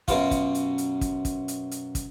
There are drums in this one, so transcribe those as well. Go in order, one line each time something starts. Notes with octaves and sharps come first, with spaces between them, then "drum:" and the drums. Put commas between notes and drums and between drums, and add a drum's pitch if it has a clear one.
F#2 B2 F4, drum: kick, hi-hat
drum: kick, hi-hat
drum: hi-hat
drum: hi-hat
drum: kick, hi-hat
drum: kick, hi-hat
drum: hi-hat
drum: hi-hat
drum: kick, hi-hat